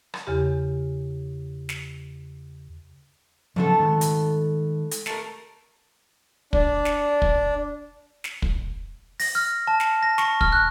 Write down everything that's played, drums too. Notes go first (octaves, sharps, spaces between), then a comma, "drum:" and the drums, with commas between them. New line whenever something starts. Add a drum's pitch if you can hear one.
drum: rim click
E2 C#3 G4
drum: snare
C#3 F3 F#3 A3 B3 A4
D#3 G#3
drum: hi-hat
drum: hi-hat
A3 A#4, drum: snare
D4, drum: kick
drum: snare
drum: kick
drum: snare
drum: kick
A#6, drum: open hi-hat
F6
A5
drum: snare
A#6
C#6, drum: snare
F6, drum: kick
F#6